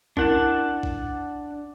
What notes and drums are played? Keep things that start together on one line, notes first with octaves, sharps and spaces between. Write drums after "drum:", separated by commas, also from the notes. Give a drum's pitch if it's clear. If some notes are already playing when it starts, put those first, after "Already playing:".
D4 E4 A#4 F#5 A5, drum: kick A#1
drum: kick A#1